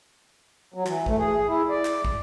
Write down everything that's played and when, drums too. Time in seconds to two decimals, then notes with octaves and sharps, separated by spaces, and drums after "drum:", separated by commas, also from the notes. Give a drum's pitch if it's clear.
0.74 F#3
0.86 E3, drum: clap
1.06 A3, drum: kick
1.18 G#4
1.47 E4
1.69 D5
1.85 drum: clap
2.05 drum: kick